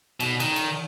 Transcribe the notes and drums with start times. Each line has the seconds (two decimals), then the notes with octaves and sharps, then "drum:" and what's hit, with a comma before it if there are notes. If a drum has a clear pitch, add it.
0.20 B2, drum: cymbal
0.40 D#3, drum: cymbal
0.56 drum: cymbal